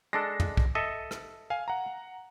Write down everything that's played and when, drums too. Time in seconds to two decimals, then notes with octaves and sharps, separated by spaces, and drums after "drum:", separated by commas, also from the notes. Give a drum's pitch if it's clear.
0.13 G#3 D4 A4 A#6 C7
0.40 drum: tom
0.57 drum: kick
0.75 A4 D#5 E5 C#7
1.11 drum: rim click
1.50 F5 G#5
1.68 F#5 A#5